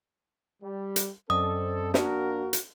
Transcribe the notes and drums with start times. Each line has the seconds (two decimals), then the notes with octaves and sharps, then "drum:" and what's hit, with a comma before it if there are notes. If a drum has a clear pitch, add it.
0.63 G3
0.96 drum: hi-hat
1.30 F#2 C4 A4 D5 D#5 D#6
1.94 F2 A#3 D4 F#4 A#4, drum: snare
2.53 drum: hi-hat